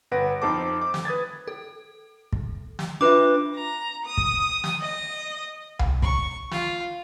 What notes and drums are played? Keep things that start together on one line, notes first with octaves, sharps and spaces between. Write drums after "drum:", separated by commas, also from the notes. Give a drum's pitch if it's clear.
G1 B4 F#5 A#6 D7
F2 D#4 A4 C5 A5 D6
D6
drum: snare
B4 D#6 G#6 A6
A4
drum: kick
drum: snare
D4 F4 B4 E5 D6
A#5
D#6
drum: kick
drum: snare
D#5
drum: tom C2
C#6, drum: kick
F4, drum: snare